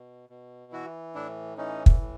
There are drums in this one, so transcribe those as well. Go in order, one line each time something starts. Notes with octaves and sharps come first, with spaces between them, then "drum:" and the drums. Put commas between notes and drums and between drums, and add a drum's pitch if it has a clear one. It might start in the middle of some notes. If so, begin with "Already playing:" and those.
Already playing: B2
B2
E3 E4 F#4
A2 D4 E4
E3 C#4 D#4
drum: kick
A2